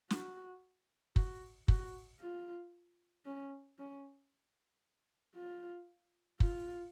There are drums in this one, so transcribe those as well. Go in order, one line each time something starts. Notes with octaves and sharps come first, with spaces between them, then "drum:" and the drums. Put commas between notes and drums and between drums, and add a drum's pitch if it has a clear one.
F#4, drum: snare
F#4, drum: kick
F#4, drum: kick
F4
C#4
C#4
F4
F4, drum: kick